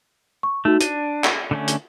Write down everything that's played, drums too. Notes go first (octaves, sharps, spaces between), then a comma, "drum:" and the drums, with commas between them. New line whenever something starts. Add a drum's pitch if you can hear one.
C#6
A3 D#4 F#4
D4 D#7, drum: hi-hat
drum: clap
D3 A3 C#4
drum: hi-hat